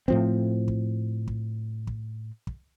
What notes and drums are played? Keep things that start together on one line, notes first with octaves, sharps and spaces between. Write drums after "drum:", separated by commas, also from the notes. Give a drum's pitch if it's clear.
A2 F3 C4, drum: kick
drum: kick
drum: kick
drum: kick
drum: kick